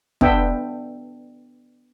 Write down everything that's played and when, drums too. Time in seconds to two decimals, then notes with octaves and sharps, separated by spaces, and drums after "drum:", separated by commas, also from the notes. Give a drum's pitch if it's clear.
0.21 B3 D4 E5 G5, drum: kick